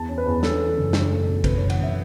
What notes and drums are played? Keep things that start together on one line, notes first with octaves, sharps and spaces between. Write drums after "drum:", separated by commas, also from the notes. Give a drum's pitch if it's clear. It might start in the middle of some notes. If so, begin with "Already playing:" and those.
Already playing: E2 A5
C#4
B4
E2
C#4 A4, drum: snare
E3
F#1
C#4 A4, drum: snare
A3
B1
F#1 B4, drum: kick, cymbal
E3 C#5
F#5, drum: cymbal
F#1 E5